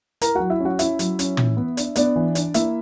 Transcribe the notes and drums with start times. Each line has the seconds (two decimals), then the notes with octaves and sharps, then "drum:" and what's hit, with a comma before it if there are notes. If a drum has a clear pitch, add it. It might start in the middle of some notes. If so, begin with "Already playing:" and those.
0.21 E4 A#4 A#5, drum: hi-hat
0.35 F#3 F#4 F#5
0.50 E4 E5
0.60 C#4
0.65 F#4 F#5
0.79 C#4 E4 E5, drum: hi-hat
0.99 F#3, drum: hi-hat
1.19 C#4, drum: hi-hat
1.37 E3, drum: tom
1.57 B3
1.77 D4, drum: hi-hat
1.96 B3 D4 D5, drum: hi-hat
2.16 E3
2.35 D4, drum: hi-hat
2.54 A#3 E4 E5, drum: hi-hat